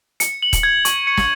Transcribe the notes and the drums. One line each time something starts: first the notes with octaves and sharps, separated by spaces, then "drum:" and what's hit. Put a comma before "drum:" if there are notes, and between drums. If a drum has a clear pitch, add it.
C#7, drum: hi-hat
F#7
drum: kick D#1, hi-hat
G#6
C#6, drum: hi-hat
C#7
drum: snare